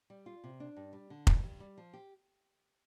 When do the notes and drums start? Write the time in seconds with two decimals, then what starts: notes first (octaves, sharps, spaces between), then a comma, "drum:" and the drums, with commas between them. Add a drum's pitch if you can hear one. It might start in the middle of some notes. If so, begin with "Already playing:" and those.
0.10 G3
0.26 F4
0.44 C3
0.60 D4
0.76 G2
0.93 G3
1.10 D3
1.27 G2, drum: kick F1
1.44 G2
1.60 G3
1.78 F3
1.93 G4